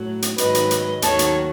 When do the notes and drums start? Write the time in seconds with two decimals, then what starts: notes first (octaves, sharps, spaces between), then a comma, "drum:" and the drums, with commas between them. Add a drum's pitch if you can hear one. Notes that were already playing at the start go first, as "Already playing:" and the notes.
Already playing: A2 F#3
0.22 drum: hi-hat
0.38 G#2 D#3 F#3 B4 D#5, drum: hi-hat
0.55 drum: hi-hat
0.71 drum: hi-hat
1.02 D#2 D#3 F#3 A4 C#5, drum: hi-hat
1.19 drum: hi-hat